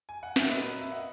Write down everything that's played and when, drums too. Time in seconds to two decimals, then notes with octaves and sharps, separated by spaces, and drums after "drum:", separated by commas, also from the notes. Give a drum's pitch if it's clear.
0.09 G#5
0.23 F#5
0.36 E5, drum: snare
0.50 A#2 F#3 A#3 B4 D#5
0.81 E5
0.92 D#5 F#5